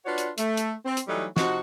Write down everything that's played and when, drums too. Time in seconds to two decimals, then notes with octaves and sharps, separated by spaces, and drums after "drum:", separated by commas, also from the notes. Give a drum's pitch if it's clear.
0.06 D4 F4 F#4 B4 C#5 D5
0.18 drum: hi-hat
0.38 A3, drum: hi-hat
0.57 drum: hi-hat
0.86 C4
0.97 drum: hi-hat
1.08 E3 F#3 G3 A3 D#4
1.37 C3 F3 D#4 F#4, drum: snare